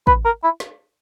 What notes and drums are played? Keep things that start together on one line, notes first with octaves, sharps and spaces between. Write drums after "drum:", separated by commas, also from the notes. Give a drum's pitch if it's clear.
B4, drum: kick A1
A#4
E4
drum: snare